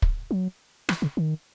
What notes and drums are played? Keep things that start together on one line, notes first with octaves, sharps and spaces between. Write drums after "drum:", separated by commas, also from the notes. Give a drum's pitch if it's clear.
drum: kick
F#3
E3, drum: rim click
C#3
D#3